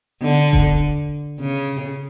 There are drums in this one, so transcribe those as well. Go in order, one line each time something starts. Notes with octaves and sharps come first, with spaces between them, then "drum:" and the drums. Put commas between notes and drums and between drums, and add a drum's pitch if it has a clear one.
D3
drum: kick E1
C#3